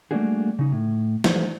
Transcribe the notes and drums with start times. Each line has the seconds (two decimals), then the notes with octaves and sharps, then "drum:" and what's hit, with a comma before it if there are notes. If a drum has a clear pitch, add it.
0.11 G3 A3 A#3 D4 F#4 G#4
0.59 C#3 D#4
0.72 A2
1.24 E3 F3 G3 A3 D#4 C5, drum: snare